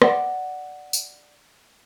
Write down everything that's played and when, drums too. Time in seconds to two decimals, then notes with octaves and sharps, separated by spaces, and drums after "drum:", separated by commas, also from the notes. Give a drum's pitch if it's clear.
0.02 D5 F#5, drum: rim click
0.93 drum: tambourine